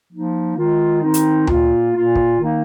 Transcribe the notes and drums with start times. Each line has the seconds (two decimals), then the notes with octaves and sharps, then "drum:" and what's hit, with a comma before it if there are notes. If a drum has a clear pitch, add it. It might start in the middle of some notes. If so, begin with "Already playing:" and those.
0.11 F3 A#3 D#4
0.56 D#3 G#3 F4
1.02 D#3 C4 D#4
1.14 drum: hi-hat
1.47 A#2 A#3 F4, drum: tom D2
1.94 A#2 A#3 F4
2.16 drum: kick
2.40 D#3 A#3 D#4